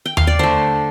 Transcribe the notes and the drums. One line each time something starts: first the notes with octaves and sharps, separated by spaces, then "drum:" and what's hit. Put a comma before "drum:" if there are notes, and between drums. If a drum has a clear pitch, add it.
G5
F5, drum: tom D#2
D5
D3 A3 C5